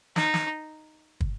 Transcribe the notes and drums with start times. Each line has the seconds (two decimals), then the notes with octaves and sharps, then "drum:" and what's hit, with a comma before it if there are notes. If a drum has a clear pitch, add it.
0.16 D#4, drum: snare
0.34 drum: snare
1.21 drum: kick